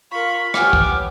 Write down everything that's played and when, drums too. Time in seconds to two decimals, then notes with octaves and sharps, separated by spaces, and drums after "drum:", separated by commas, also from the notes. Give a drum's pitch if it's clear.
0.11 F4 A#4 B5 C#6
0.54 B3 G4 C#5 G#5 D6 F6, drum: rim click
0.73 drum: kick